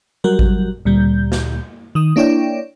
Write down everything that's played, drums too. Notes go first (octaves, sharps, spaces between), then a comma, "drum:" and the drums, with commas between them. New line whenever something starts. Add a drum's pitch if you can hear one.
F#3 G3 F#4 A#4
drum: kick G#1
D2 A#2 G3 G6
drum: snare
D#3 D#6
A#3 D4 E4 C#5 D5 G5